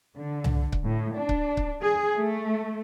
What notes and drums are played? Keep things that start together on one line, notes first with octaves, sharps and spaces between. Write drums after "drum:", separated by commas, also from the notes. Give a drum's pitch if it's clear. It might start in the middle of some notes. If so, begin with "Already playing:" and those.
D3
drum: tom C2
drum: kick C#1
A2
D4
drum: kick C#1
drum: kick C#1
G#4
A3